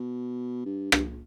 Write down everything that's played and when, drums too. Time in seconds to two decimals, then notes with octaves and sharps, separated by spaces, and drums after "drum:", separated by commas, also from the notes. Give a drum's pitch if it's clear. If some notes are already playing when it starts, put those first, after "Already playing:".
Already playing: B2
0.66 G2
0.92 G2, drum: rim click